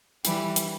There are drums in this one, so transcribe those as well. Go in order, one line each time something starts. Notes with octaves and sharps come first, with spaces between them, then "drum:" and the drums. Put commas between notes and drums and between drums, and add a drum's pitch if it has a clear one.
E3 G3, drum: hi-hat
drum: hi-hat